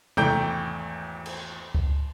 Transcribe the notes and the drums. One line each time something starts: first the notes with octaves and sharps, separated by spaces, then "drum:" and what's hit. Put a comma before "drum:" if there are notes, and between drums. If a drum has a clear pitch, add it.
G#1 E2 A3 G5 A#5 G6, drum: tom C3
drum: cymbal
drum: kick C#2